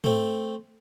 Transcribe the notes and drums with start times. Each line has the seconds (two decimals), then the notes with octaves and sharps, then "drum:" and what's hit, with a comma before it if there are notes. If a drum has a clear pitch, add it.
0.04 A3 C4, drum: tom G#2